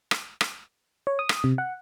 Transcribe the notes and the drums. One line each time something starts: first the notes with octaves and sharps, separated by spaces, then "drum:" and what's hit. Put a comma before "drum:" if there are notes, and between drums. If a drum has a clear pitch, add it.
drum: rim click
drum: rim click
C#5
D#6
drum: rim click
C3
F#5